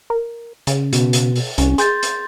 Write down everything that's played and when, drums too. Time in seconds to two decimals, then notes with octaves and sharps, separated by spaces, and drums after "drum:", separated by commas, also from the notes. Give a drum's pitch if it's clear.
0.10 A#4
0.67 C#3, drum: hi-hat
0.93 B2, drum: hi-hat
1.13 drum: hi-hat
1.36 drum: open hi-hat
1.58 C2 C#4, drum: hi-hat
1.78 G#4 C6 G6 A6, drum: hi-hat
2.03 drum: hi-hat